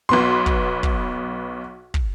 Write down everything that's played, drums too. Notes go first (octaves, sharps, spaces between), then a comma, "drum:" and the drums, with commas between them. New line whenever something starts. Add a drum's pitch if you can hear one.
B1 B3 C6
drum: kick
drum: kick
drum: kick